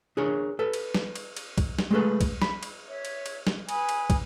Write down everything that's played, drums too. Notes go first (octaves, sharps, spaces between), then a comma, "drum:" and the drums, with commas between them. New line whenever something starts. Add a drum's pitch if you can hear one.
D4 G#4 A#4 C#5
A4 B4
drum: cymbal
drum: snare
drum: cymbal
drum: cymbal
drum: kick, cymbal
drum: snare
G#3 A3 G#4 A4 B4
drum: kick, cymbal
B5, drum: snare
drum: cymbal
C#5 E5
drum: cymbal
drum: cymbal
drum: snare
B4 G#5 B5 D#6, drum: cymbal
drum: cymbal
drum: kick, cymbal